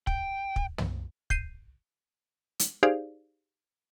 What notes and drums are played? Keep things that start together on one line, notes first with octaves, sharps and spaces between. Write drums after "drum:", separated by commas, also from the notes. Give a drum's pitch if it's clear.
G5, drum: kick
drum: kick
drum: tom
G6 C7 D#7, drum: kick
drum: hi-hat
D#4 G4 G#4 C5 D5 F5